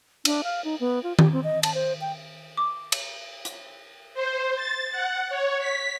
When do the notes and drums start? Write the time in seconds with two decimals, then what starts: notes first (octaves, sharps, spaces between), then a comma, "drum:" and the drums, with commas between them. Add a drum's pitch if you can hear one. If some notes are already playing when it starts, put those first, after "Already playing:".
0.25 D4, drum: cymbal
0.44 F5
0.65 D#4
0.80 B3
1.03 F4
1.19 G4, drum: tom D#3
1.32 C4
1.44 D#5
1.63 A5, drum: cymbal
1.74 C5
2.01 G5
2.57 D6
2.92 drum: cymbal
3.45 drum: hi-hat
4.14 C5
4.56 A6
4.92 F#5
5.29 C#5
5.59 B6